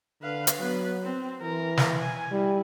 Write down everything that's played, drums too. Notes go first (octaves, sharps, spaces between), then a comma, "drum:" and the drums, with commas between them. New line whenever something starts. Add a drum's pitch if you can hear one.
D3 B4 F5
drum: hi-hat
F#3 B3 B4
C4
E3 A#4
drum: snare
G#5
G3 E4